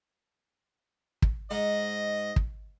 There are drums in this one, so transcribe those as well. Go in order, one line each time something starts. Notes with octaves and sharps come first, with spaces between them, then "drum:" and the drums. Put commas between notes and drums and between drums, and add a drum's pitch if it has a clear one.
drum: kick
G#2 D#5
drum: kick